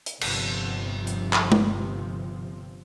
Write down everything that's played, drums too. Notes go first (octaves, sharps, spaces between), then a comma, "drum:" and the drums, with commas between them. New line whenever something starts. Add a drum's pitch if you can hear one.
drum: hi-hat
G1 C3 F3, drum: cymbal
drum: hi-hat
drum: clap
drum: tom G#3